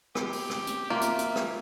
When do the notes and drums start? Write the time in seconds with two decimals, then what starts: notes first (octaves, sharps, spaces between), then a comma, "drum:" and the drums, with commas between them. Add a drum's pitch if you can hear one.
0.15 G4, drum: rim click
0.33 drum: open hi-hat
0.50 drum: rim click
0.67 drum: hi-hat
0.90 A#3 F4 E5
1.01 drum: hi-hat
1.19 drum: hi-hat
1.36 drum: rim click